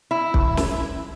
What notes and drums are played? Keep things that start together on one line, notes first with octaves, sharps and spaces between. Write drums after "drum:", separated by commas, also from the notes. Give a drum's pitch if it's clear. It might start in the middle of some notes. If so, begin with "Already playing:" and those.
E4
drum: kick
drum: snare